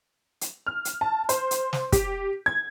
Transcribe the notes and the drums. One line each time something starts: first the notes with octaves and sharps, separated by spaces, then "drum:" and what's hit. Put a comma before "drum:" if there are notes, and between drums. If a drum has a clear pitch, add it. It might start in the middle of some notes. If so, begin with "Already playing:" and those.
drum: hi-hat
F6
drum: hi-hat
A5
C5, drum: hi-hat
drum: hi-hat
drum: snare
G4, drum: kick, hi-hat
G#6